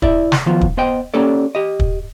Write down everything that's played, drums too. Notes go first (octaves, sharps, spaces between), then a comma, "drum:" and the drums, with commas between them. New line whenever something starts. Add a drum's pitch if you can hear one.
E4 D5 E5, drum: kick
drum: snare
D#3 F3 F#3 B3 F4
drum: kick
B3 C5 D#5 G5
A#3 C#4 G4 A4 D5
G4 D#5
drum: kick